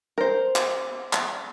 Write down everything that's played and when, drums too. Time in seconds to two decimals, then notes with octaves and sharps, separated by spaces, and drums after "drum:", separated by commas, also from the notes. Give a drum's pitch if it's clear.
0.18 A#4 C5
0.56 drum: clap
1.13 drum: clap